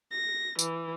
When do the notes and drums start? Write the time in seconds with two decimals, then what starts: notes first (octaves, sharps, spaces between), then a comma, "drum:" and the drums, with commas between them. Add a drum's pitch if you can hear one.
0.11 A#6
0.59 E3, drum: tambourine